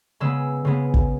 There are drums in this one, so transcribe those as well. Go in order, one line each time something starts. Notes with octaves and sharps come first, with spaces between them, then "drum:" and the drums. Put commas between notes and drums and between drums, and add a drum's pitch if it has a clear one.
C#3 G#3 B3 E6
C#3 G#3 B3
drum: kick